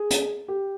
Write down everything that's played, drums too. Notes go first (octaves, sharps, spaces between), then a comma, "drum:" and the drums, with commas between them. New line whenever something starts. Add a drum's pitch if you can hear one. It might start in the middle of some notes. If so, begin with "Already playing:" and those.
Already playing: G#4
drum: hi-hat
G4